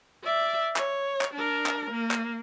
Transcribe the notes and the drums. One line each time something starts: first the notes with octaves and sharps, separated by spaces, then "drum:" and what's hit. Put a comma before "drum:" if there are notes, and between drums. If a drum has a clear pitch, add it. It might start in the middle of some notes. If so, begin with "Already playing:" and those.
D5 E5
C#5, drum: clap
drum: clap
D4 A#4
drum: clap
A#3
drum: clap